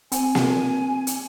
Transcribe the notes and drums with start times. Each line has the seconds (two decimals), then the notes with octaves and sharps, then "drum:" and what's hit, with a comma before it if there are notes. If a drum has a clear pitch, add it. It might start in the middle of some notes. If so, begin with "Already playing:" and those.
0.12 C4 G#5, drum: hi-hat
0.35 drum: snare A#3
1.07 drum: hi-hat